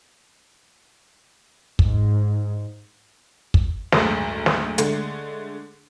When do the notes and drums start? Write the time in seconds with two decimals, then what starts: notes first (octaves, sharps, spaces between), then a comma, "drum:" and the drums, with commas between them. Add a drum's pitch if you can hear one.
1.79 G#2, drum: kick
3.54 drum: kick
3.92 F#1 D2 G#2 A3, drum: snare
4.46 drum: snare
4.78 D3 G#3 A3, drum: hi-hat